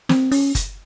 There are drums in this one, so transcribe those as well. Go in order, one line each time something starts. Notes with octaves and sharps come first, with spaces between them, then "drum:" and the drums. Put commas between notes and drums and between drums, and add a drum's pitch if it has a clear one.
C4, drum: snare
C#4, drum: open hi-hat
drum: kick F#1, hi-hat